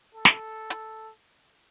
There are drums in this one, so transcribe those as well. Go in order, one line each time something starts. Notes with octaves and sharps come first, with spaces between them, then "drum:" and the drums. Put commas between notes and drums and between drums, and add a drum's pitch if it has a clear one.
A4
drum: snare
drum: hi-hat